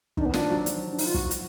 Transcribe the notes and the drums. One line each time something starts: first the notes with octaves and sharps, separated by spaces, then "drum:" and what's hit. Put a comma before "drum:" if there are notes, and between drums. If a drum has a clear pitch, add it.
D#3 D4 D#4, drum: kick
B3
F3 D4 F4, drum: snare
F#3 F#4
drum: hi-hat
D4
D#4, drum: open hi-hat
F4
F#4, drum: kick
drum: hi-hat